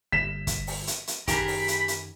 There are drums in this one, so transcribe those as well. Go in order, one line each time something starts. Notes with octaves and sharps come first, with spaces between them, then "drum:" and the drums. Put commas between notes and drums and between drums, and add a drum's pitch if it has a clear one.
G1 B6 E7
drum: kick, hi-hat
drum: open hi-hat
drum: hi-hat
drum: hi-hat
F#2 D#3 G4 G#4 A#4 B5, drum: kick, hi-hat
drum: open hi-hat
drum: hi-hat
drum: hi-hat